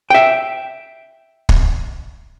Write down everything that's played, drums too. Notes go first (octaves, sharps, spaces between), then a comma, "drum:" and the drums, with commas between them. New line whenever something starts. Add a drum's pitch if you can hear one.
E5 G5
drum: kick